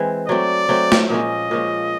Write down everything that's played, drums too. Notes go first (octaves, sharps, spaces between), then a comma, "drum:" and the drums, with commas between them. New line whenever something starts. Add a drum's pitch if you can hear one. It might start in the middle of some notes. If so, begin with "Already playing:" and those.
Already playing: E3 G#3 C4
F#3 A3 C4 D5
F#3 A3 C4
drum: snare
A#2 F3 G#3 C#4 D#5
A#2 F3 G#3 C#4